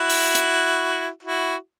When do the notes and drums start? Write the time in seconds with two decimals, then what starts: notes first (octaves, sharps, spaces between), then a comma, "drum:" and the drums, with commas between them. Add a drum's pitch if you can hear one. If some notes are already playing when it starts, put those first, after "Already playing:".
Already playing: E4 F#4
0.10 drum: open hi-hat
0.35 drum: hi-hat
1.23 E4 F#4